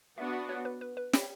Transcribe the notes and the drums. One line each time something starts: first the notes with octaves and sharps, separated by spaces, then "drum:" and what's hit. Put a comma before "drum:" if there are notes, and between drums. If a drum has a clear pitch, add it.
B3 D4 F#4 E5
D5
C#5
B4
B4
B4
C#5, drum: snare